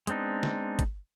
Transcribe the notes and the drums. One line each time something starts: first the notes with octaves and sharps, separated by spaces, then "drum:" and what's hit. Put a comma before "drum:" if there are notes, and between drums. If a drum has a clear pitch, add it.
G#3 B3 C4 D4 D#4, drum: hi-hat
drum: snare
drum: kick G1, hi-hat